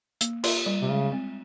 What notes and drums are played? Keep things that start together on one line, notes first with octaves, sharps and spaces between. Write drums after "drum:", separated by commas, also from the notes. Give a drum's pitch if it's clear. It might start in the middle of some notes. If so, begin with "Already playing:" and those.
A#3, drum: hi-hat
F4, drum: cymbal
G3
C3
C#3 G#3
C4